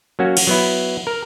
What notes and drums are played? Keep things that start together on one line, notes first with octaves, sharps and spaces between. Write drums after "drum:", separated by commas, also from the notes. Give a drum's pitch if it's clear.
F#3 A#3 C#4 F#4
drum: cymbal
F#3 B3 E4
A#4